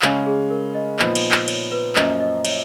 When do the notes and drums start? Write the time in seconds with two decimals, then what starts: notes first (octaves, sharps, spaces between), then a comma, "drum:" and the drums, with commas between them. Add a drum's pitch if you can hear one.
0.02 C#3 G#3 C#4 F5, drum: clap
0.26 G#4
0.51 A#4
0.74 D#5
0.99 A#2 F3 B3 D#4, drum: clap
1.15 drum: cymbal
1.31 drum: clap
1.48 C#5, drum: cymbal
1.72 B4
1.96 F#2 F3 A#3 C#4 D#5, drum: clap
2.20 D#5
2.45 C#5, drum: cymbal